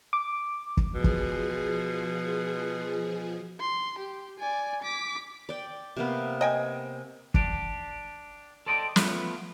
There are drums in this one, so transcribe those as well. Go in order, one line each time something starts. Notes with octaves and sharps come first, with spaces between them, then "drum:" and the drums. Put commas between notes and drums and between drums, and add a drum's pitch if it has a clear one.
D6
drum: kick
B2 F3 G#4
drum: kick
C6
G4
D5 G#5
D6 B6
D5 G5
C3 A#3 B3
D#5 G5 G#5
D4 G4, drum: kick
A4 C5 D5 D#5 F#5 G5
F3 A3 B3 F4 B4, drum: snare